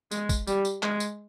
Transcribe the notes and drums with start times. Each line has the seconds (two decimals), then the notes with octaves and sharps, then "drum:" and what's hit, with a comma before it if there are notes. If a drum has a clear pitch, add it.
0.11 G#3, drum: tambourine
0.29 drum: kick, tambourine
0.47 G3, drum: tambourine
0.65 drum: tambourine
0.83 G#3, drum: clap
1.00 drum: tambourine